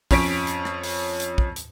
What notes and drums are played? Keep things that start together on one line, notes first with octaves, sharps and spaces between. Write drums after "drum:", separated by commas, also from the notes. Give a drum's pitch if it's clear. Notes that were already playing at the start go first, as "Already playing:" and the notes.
F2 C#4 C#5 B6 D7, drum: kick, open hi-hat
drum: hi-hat
drum: rim click
drum: open hi-hat
drum: hi-hat
drum: kick
drum: hi-hat